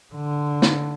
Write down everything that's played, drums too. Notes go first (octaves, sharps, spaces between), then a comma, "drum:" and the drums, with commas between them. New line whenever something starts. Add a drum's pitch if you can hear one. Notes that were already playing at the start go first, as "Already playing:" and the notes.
D3
drum: snare